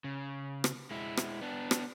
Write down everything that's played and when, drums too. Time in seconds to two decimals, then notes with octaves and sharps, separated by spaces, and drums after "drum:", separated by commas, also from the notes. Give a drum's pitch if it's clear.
0.04 C#3
0.64 drum: rim click
0.91 G#3 E4
1.17 drum: rim click
1.41 B3 D4
1.71 drum: rim click